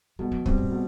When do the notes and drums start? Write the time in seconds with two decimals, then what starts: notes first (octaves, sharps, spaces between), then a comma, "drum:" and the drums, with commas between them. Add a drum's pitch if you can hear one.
0.19 B2 G3
0.32 F#3
0.46 F#3 G3 C4, drum: kick
0.58 A2
0.71 B2